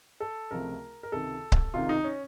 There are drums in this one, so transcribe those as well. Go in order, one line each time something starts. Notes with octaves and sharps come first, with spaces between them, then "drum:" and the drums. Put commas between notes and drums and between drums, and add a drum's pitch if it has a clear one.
A4
C#2 C3 F3 A3 A#4
A#4
C#2 C3 D#3 A4
drum: kick C#1
C#2 C3 D#3 F4
D#4
C#4